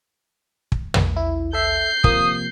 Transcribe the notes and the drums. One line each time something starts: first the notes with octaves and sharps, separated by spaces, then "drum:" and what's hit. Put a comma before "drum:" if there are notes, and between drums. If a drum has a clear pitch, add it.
drum: kick
drum: tom
E4
A4 E5 G6 C7
C3 F3 A#3 D#6, drum: kick